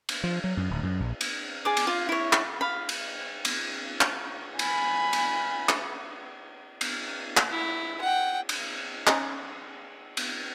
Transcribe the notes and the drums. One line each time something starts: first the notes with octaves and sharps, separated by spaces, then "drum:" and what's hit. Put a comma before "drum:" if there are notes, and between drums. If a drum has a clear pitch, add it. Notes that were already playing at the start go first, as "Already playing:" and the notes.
drum: cymbal
F3
F#3
F#2
D1
F#2
A#1
drum: cymbal
G#4 D5 D6
drum: cymbal
F4
E4 C#5
drum: clap
F5 B5
drum: cymbal
drum: cymbal
drum: clap
G#5 B5, drum: cymbal
drum: cymbal
drum: clap
drum: cymbal
drum: clap
E4
F#5 G5
drum: cymbal
C#4 D#4, drum: clap
drum: cymbal